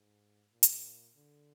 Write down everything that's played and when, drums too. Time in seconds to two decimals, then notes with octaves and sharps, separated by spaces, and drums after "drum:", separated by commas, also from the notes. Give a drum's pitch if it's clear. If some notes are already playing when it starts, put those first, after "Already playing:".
Already playing: G#2
0.52 A#2
0.63 drum: hi-hat
1.16 D3